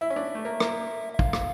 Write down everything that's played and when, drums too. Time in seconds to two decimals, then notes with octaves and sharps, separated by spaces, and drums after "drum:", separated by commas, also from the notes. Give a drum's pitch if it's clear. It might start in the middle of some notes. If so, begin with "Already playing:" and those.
0.01 E4 E5
0.10 C#4
0.16 D4
0.35 A3
0.45 A#3
0.60 A#3, drum: rim click
1.14 E5
1.19 F5, drum: kick
1.33 drum: rim click